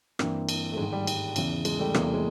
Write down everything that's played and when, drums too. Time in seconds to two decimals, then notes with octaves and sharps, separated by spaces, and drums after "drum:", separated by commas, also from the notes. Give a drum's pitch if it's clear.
0.19 G2 E3 A#3 C4, drum: rim click
0.49 drum: cymbal
0.72 A3
0.77 G#2 D#3 G#3
0.92 G3
1.07 G3, drum: cymbal
1.36 E2 C#3 E3, drum: cymbal
1.65 G#3, drum: cymbal
1.80 G3 A3
1.94 E2 C3 E3 G#3 A#3, drum: rim click
2.04 G3 A3
2.14 G#3